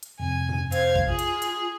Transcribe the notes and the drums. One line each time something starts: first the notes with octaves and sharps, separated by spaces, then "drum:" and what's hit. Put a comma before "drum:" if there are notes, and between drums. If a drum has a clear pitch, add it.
drum: hi-hat
F2 C3 G#5
drum: tom F#2
C5 F5 G#6, drum: hi-hat
drum: kick A1
F4 G#4
drum: hi-hat
drum: hi-hat